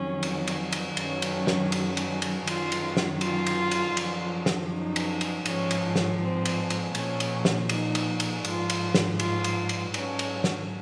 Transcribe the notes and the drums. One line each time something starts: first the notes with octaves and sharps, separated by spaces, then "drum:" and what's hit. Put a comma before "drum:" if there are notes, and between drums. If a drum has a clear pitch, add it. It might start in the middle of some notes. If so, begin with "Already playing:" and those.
Already playing: F2 D#3 F#3 C#4
drum: cymbal
drum: cymbal
drum: cymbal
F#2 D#3 F#3 C#4, drum: cymbal
drum: cymbal
drum: snare
drum: cymbal
drum: cymbal
drum: cymbal
F#2 D#3 F#3 F4, drum: cymbal
drum: cymbal
drum: snare
F4, drum: cymbal
drum: cymbal
drum: cymbal
F#2 F3, drum: cymbal
drum: snare
D#4
drum: cymbal
drum: cymbal
G#2 F3 C#4, drum: cymbal
drum: cymbal
drum: snare
C4
drum: cymbal
drum: cymbal
A#2 F3 C#4, drum: cymbal
drum: cymbal
drum: snare
D#4, drum: cymbal
drum: cymbal
drum: cymbal
G#2 F3 F4, drum: cymbal
drum: cymbal
drum: snare
F4, drum: cymbal
drum: cymbal
drum: cymbal
G#2 F#3 C#4, drum: cymbal
drum: cymbal
drum: snare